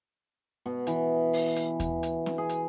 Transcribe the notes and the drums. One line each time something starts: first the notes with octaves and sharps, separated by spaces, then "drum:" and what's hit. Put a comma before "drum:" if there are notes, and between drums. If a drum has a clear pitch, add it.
B2
E3, drum: hi-hat
drum: open hi-hat
drum: hi-hat
drum: kick D#2, hi-hat
drum: hi-hat
drum: snare C4
G#4
drum: hi-hat